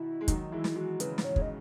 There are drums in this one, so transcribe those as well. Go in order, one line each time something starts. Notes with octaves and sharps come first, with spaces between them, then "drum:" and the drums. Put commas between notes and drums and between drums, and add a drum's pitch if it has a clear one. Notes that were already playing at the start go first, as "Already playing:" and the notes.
Already playing: B2 D#3 E4
G#3
D#3 F#3 D#4, drum: kick, hi-hat
E3 G#3 E4
drum: snare
E3 G#3 F#4
C#3 E3 B4, drum: hi-hat
G#2, drum: snare
C#5
C#3 E3, drum: kick
D#5